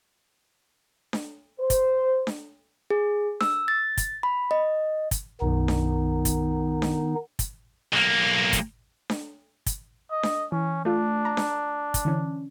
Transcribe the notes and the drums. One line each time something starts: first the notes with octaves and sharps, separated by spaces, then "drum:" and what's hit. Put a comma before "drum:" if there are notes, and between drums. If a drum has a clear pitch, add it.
drum: snare D4
C5
drum: kick, hi-hat
drum: snare D4
G#4
E6, drum: snare D4
A6
drum: kick, hi-hat
B5
D#5
drum: kick, hi-hat
B1 F#2 D#3 B3 D#4
drum: snare D4
drum: kick, hi-hat
drum: snare D4
drum: kick, hi-hat
B1 A#3
drum: kick, hi-hat
drum: snare D4
drum: kick, hi-hat
D#5
drum: snare D4
E3 C#4
A3 D4 F4
A#5
drum: snare D4
drum: kick, hi-hat
D3 E3 C#4